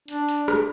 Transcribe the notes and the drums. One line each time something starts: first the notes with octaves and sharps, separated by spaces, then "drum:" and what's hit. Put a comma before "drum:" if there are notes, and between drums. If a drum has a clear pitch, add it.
D4, drum: hi-hat
drum: hi-hat
drum: rim click